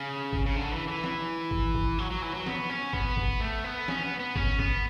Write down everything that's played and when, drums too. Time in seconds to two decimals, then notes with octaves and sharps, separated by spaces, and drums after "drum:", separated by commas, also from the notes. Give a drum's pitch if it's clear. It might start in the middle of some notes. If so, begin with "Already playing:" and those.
Already playing: C#3
0.33 drum: kick
0.46 C#3
0.56 D3
0.72 E3
0.88 E3
1.04 drum: snare
1.51 drum: kick
1.75 drum: kick
1.98 F#3
2.10 F#3
2.22 E3
2.34 F#3
2.46 B3, drum: snare
2.70 C#4
2.93 B3, drum: kick
3.17 drum: kick
3.41 A3
3.64 B3
3.88 C#4, drum: snare
4.03 B3
4.19 B3
4.35 C#4, drum: kick
4.59 B3, drum: kick